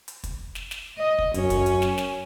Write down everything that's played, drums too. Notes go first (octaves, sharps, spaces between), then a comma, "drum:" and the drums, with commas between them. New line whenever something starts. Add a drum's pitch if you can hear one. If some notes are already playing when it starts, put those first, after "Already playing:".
drum: hi-hat
drum: kick, hi-hat
drum: snare
drum: snare
D#5
drum: kick
F#2 C#4, drum: hi-hat
drum: kick, hi-hat
drum: hi-hat
drum: snare
drum: snare